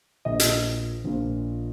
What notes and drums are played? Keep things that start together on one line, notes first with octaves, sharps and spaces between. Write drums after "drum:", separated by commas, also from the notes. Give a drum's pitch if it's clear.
A#1 A#2 F3 D#5
drum: hi-hat
A#1 A#2 F3